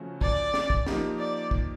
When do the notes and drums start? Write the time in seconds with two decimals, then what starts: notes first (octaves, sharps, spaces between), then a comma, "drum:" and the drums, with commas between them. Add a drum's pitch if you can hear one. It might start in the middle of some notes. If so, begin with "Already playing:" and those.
Already playing: C#3 F3 A3 C#4 F#4
0.21 D5, drum: kick
0.54 drum: snare
0.70 drum: kick
0.86 F3 A#3 D#4 G4, drum: snare
1.18 D5
1.51 drum: kick